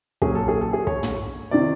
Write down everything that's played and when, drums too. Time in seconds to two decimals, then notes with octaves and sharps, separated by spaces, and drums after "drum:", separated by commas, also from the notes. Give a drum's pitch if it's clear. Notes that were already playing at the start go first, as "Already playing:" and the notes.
0.22 A#2 F#3 A3 C#4 G#4, drum: kick
0.35 A4
0.48 G#4
0.61 A4
0.73 G#4
0.87 C#5, drum: kick
1.03 drum: tom
1.51 C3 D#3 D5